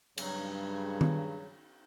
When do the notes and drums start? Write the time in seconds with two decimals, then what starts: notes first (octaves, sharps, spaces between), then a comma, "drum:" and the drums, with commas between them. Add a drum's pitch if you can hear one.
0.18 G2 C#3 F#3, drum: cymbal
1.01 drum: tom D#3